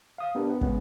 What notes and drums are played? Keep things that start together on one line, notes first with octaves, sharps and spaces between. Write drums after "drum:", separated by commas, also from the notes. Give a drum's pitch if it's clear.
F5 D#6
B3 D4 G4 A#4
B3
C#3 G#3 B3 C#4, drum: kick